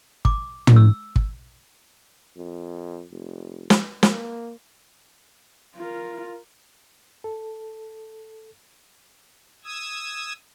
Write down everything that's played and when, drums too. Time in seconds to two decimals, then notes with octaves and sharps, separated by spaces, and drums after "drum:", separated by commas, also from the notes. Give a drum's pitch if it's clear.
0.25 D6, drum: kick
0.67 drum: tom
0.76 E6
1.16 drum: kick
2.37 F2
3.12 F1
3.70 drum: snare
4.03 A#3, drum: snare
5.76 F4 A#4
7.24 A4
9.64 D#6 E6 G#6